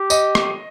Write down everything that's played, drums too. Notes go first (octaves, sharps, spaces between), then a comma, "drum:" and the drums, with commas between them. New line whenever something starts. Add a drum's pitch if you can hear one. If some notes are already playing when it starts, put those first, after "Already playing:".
Already playing: G4
D#5, drum: tambourine
drum: rim click